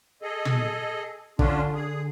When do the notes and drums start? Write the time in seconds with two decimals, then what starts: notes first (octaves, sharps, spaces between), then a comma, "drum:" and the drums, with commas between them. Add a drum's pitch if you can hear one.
0.22 G#4 A4 D#5
0.45 drum: tom
1.39 D3 C#4 D4 F4, drum: kick
1.75 G#4